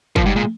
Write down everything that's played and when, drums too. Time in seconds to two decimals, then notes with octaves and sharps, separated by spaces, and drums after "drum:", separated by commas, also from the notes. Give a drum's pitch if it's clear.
0.16 A#2 F3, drum: kick
0.26 G#2 G3
0.36 A#2 G#3